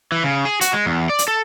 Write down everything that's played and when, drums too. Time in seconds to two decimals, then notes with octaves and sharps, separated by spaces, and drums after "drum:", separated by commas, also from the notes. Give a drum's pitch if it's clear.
0.12 E3
0.24 C#3
0.45 G#4
0.61 F#4, drum: hi-hat
0.73 G#3
0.86 E2
1.09 D5
1.19 drum: hi-hat
1.28 A4